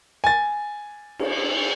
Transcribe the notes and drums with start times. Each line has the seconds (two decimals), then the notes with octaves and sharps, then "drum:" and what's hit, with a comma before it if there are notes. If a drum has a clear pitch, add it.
0.24 G#5 A6
1.19 drum: cymbal